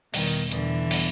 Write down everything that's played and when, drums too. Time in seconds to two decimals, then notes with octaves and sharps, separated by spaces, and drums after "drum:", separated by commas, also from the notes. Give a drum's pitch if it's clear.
0.14 E2 B2 D#3 G3 B3, drum: open hi-hat
0.52 E2 B2 D3 E3 G3 B3, drum: hi-hat
0.91 B2 G3 B3, drum: open hi-hat